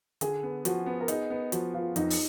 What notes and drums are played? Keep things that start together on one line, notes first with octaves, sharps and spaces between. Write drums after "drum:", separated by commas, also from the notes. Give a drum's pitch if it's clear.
D3 G#4, drum: hi-hat
B3
F3 F#4, drum: hi-hat
B3
A#4
D#4 G#4, drum: hi-hat
B3
F3 F#4, drum: hi-hat
B3 F4
F2 D#4, drum: hi-hat
drum: open hi-hat